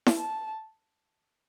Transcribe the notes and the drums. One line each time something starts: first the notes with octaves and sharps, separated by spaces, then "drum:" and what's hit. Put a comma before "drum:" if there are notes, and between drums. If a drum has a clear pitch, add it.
drum: snare E4
A5